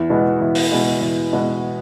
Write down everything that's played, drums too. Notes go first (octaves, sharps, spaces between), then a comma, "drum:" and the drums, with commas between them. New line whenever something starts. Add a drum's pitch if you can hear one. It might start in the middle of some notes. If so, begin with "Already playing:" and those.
Already playing: E2
B2 G#3 B3
E2
drum: open hi-hat
B2 G#3 B3
E2
B2 G#3 B3